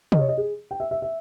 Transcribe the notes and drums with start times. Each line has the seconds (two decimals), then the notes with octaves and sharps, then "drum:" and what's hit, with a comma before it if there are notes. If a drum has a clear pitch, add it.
0.12 D#5, drum: tom C3
0.19 C#5
0.28 D#5
0.37 G#4
0.71 G5
0.80 E5
0.91 E5
1.02 E5